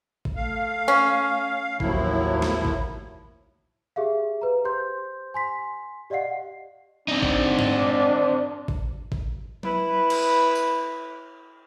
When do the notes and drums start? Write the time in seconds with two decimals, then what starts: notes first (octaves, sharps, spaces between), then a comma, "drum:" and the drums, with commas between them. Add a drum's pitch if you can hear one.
0.25 drum: kick G#1
0.36 A3 F5
0.88 C#4
1.80 A1 D#2 F3 F#3 E4, drum: kick G#1
2.42 drum: snare
2.65 drum: kick G#1
3.96 G4 G#4 E5 F5
4.41 B4 A#5
4.64 G4 C5 C6 G6
5.34 G#5 C6 B6
6.10 G4 D5 D#5 F5 F#5 C7
7.08 C4 D4 D#4
7.22 drum: kick G#1
7.59 drum: tom G#2
8.68 drum: kick G#1
9.12 drum: kick G#1
9.63 E4 B4, drum: tom
10.10 drum: cymbal
10.55 drum: tambourine